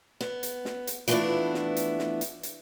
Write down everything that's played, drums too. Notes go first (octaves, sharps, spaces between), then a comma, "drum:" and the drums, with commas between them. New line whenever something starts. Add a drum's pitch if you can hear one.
B3, drum: snare
drum: hi-hat
drum: snare
drum: hi-hat
E3 F3 A3 B3 D4 E4, drum: hi-hat
drum: snare
drum: hi-hat
drum: snare
drum: hi-hat
drum: hi-hat